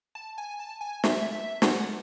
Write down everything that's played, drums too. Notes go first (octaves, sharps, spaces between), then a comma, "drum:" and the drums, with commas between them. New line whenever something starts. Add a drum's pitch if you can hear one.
A5
G#5
A5
G#5
E5, drum: snare
E5
F#5, drum: snare